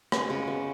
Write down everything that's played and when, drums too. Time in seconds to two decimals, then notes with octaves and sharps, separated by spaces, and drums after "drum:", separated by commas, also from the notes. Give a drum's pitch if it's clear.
0.12 G#3 C#4, drum: rim click
0.30 C#3
0.47 B3